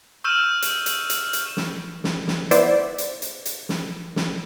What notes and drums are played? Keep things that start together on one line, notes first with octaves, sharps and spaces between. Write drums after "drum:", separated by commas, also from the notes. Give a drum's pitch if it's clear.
C#6 E6 F6 G6 D#7 E7
drum: hi-hat
drum: hi-hat
drum: hi-hat
drum: hi-hat
drum: snare
drum: snare
drum: snare
B3 E4 C5 D5, drum: hi-hat
drum: hi-hat
drum: hi-hat
drum: hi-hat
drum: snare
drum: snare